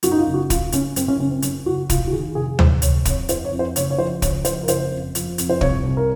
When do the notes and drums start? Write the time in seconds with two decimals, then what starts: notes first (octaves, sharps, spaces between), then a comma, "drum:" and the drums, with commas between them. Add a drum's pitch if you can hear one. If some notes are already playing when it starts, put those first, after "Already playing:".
0.03 F#2 F#4, drum: hi-hat
0.11 D#4
0.18 F4
0.27 F#1
0.34 F#4
0.50 F#2 F4, drum: kick, hi-hat
0.72 C#3 C#4, drum: hi-hat
0.96 F#2 C4, drum: hi-hat
1.08 C#4
1.19 F#1 C#4
1.31 C4
1.42 F#2 C#4, drum: hi-hat
1.66 F#1 F#4
1.90 F1 F4, drum: kick, hi-hat
2.07 F#4
2.12 D#3 G#4
2.35 F1 G#4
2.59 F1 C5, drum: tom D2
2.82 F1 C#5, drum: hi-hat
3.05 F2 C#5, drum: kick, hi-hat
3.29 F2 C5, drum: hi-hat
3.45 C#5
3.52 F2
3.59 C5
3.76 F#1 C#5, drum: hi-hat
3.90 C#5
3.98 F3 C5
4.22 F#1 C#5, drum: kick, hi-hat
4.45 F3 C5, drum: hi-hat
4.63 A#4
4.68 F#1 C5, drum: hi-hat
4.92 F2
5.15 F3, drum: hi-hat
5.38 F2, drum: hi-hat
5.50 C5
5.61 C2 C#5, drum: kick
5.84 C2
5.97 A#4